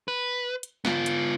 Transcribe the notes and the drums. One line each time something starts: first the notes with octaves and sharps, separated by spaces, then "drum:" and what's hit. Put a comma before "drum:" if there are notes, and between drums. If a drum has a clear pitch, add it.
B4
drum: hi-hat
B3 F4, drum: snare
drum: hi-hat